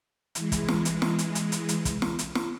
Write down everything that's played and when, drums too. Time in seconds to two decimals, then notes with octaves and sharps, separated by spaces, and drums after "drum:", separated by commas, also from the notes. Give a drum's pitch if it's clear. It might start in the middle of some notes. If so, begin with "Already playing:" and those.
0.35 E3 G#3, drum: hi-hat
0.52 drum: kick, hi-hat
0.68 drum: snare
0.85 drum: hi-hat
1.02 drum: snare
1.19 drum: hi-hat
1.35 drum: hi-hat
1.52 drum: hi-hat
1.69 drum: hi-hat
1.85 drum: kick, hi-hat
2.02 drum: snare
2.19 drum: hi-hat
2.35 drum: snare